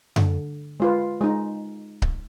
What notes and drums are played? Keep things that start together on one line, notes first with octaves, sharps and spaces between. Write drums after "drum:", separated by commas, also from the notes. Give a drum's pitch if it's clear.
D3, drum: tom F#2
G#3 F4 B4
G#3 D#4
drum: kick C#1